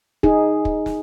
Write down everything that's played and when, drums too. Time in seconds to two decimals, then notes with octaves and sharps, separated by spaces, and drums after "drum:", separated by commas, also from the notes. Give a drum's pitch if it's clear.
0.23 D#4 G#4, drum: kick
0.65 drum: kick
0.86 drum: snare